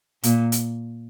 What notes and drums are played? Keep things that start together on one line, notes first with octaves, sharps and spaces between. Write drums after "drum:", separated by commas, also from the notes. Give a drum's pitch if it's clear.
A#2, drum: hi-hat
drum: hi-hat